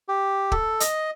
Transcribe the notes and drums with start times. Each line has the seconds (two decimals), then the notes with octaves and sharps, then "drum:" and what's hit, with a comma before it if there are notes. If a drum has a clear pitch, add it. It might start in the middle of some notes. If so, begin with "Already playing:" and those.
0.08 G4
0.52 A4, drum: kick
0.80 D#5, drum: hi-hat